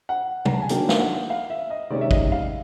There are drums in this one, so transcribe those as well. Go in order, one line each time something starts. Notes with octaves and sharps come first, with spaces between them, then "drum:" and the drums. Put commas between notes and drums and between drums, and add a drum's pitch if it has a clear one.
F#5
A#5, drum: tom
A5
G#5
D#3 F#3 A#3 D4 G5, drum: hi-hat
F5, drum: snare
F#5
F5
E5
D#5
C3 D#3 G#3 C#4 D5
E5
D#5, drum: kick
F5